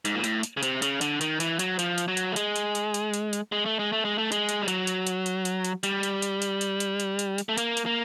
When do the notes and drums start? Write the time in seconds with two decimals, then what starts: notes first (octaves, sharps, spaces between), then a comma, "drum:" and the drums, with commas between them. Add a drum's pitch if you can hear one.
0.05 G#2, drum: hi-hat
0.15 A#2
0.24 A2, drum: hi-hat
0.43 drum: hi-hat
0.57 C#3
0.63 C3, drum: hi-hat
0.82 C#3, drum: hi-hat
1.01 D3, drum: hi-hat
1.21 D#3, drum: hi-hat
1.40 E3, drum: hi-hat
1.59 F#3, drum: hi-hat
1.79 F3, drum: hi-hat
1.98 drum: hi-hat
2.08 F#3
2.17 drum: hi-hat
2.32 A3
2.36 G#3, drum: hi-hat
2.56 drum: hi-hat
2.75 drum: hi-hat
2.94 drum: hi-hat
3.14 drum: hi-hat
3.33 drum: hi-hat
3.52 G#3
3.66 A3
3.79 G#3
3.92 A3
4.05 G#3
4.18 A3
4.32 G#3, drum: hi-hat
4.49 drum: hi-hat
4.62 G3
4.68 F#3, drum: hi-hat
4.87 drum: hi-hat
5.07 drum: hi-hat
5.26 drum: hi-hat
5.45 drum: hi-hat
5.65 drum: hi-hat
5.83 G3, drum: hi-hat
6.03 drum: hi-hat
6.22 drum: hi-hat
6.42 drum: hi-hat
6.61 drum: hi-hat
6.80 drum: hi-hat
7.00 drum: hi-hat
7.19 drum: hi-hat
7.38 drum: hi-hat
7.49 A3
7.58 A#3, drum: hi-hat
7.77 drum: hi-hat
7.86 A#3